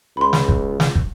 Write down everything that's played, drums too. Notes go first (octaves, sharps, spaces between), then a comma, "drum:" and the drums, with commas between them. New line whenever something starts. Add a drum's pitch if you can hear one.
C#2 B5 C6
drum: snare
drum: kick
drum: snare
drum: kick